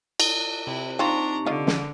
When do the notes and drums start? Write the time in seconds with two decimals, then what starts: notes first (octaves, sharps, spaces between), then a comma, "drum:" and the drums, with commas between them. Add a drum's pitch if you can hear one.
0.20 drum: cymbal
0.67 C3 E4
0.99 C4 D4 D#4 F4 A#5 C#6
1.46 D3 F4 D#5
1.67 drum: snare